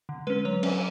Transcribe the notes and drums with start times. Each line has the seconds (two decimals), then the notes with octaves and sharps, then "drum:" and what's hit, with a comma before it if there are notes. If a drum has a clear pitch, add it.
0.09 D3
0.27 G#3 C#4 B4
0.45 F#3 C#5
0.63 C#4 B4, drum: cymbal